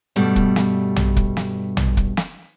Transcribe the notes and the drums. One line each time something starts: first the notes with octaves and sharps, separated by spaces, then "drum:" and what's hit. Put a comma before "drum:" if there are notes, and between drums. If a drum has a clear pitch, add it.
G2 B2 G3 A3
drum: kick
drum: snare
drum: tom A#1
drum: kick
drum: snare
drum: tom A#1
drum: kick
drum: snare